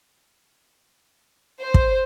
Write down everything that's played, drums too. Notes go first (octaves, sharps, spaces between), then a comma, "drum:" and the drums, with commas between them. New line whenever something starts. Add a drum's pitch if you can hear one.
C5
drum: kick